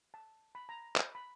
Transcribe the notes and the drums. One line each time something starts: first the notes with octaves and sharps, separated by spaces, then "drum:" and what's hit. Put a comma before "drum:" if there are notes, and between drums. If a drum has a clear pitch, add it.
A5
B5
A#5
B5, drum: clap
B5